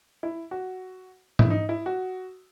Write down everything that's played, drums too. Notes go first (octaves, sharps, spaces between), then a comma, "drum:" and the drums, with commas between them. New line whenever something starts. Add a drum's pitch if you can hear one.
E4
F#4
E4, drum: tom G#2
D#4
E4
F#4